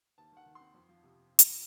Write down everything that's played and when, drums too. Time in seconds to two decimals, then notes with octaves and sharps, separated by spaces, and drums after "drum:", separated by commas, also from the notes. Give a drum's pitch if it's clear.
0.18 D#2 A5
0.32 D#3 F#5
0.46 D#3
0.55 C6
0.60 C4
0.74 F2
0.89 F3
1.03 C3
1.39 drum: hi-hat